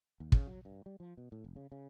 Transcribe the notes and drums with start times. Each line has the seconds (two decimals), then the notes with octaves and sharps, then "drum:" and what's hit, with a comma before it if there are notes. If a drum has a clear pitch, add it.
0.20 D#2
0.32 C#3, drum: kick
0.47 F#3
0.65 G2
0.86 G3
1.00 F3
1.17 B2
1.32 A2
1.44 F1
1.56 C#3
1.72 C#3